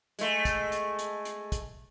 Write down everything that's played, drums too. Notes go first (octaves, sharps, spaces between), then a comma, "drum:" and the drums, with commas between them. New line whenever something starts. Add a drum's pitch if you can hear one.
G#3 A3, drum: hi-hat
drum: kick, hi-hat
drum: hi-hat
drum: hi-hat
drum: hi-hat
drum: kick, hi-hat